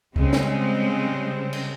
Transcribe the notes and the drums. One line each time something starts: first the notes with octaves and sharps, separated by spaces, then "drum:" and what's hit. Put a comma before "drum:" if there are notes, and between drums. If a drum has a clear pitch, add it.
C#3 G3 G#3 C4, drum: kick C2
drum: snare
drum: cymbal